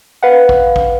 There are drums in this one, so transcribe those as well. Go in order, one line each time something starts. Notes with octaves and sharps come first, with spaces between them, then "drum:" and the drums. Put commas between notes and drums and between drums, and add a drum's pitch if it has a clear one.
B4 F5 F#5
drum: kick
drum: kick